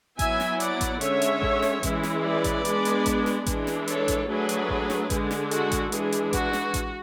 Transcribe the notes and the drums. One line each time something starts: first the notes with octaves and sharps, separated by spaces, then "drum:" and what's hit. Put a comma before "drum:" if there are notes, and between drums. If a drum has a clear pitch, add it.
F#3 B3 E4 E5 G#5, drum: kick A1, hi-hat
drum: snare
D5 F#5, drum: hi-hat
drum: kick A1, hi-hat
D3 G#3 C#4 C#5 E5, drum: hi-hat
drum: hi-hat
drum: kick A1
drum: snare
E3 G#3 C#4 E4, drum: kick A1, hi-hat
drum: snare
B4 D5
drum: kick A1, hi-hat
G#3 B3 D4, drum: hi-hat
drum: hi-hat
drum: kick A1, hi-hat
drum: snare
E3 G#3 D4, drum: kick A1, hi-hat
drum: snare
A4 C#5, drum: hi-hat
drum: kick A1, hi-hat
F#3 A3 D4 G#4 B4
drum: hi-hat
drum: kick A1
drum: snare
D3 G#3 D4, drum: kick A1, hi-hat
drum: snare
F#4 A4, drum: hi-hat
drum: kick A1, hi-hat
E3 G#3 D4 G#4, drum: hi-hat
drum: hi-hat
F#4, drum: kick A1, hi-hat
drum: snare
drum: kick A1, hi-hat